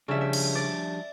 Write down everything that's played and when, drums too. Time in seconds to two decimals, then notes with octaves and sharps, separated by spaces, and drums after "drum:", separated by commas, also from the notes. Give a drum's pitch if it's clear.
0.08 C#3 F3 G3 D4 E5
0.21 E5
0.33 drum: cymbal
0.55 D5